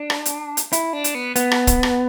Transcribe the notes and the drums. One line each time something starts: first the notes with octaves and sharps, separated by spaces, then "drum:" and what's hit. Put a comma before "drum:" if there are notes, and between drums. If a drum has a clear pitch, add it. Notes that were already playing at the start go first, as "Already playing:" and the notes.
Already playing: D4
drum: rim click
drum: hi-hat
drum: hi-hat
E4, drum: hi-hat
D4
drum: hi-hat
B3
B3, drum: hi-hat
drum: rim click
drum: kick, hi-hat
drum: rim click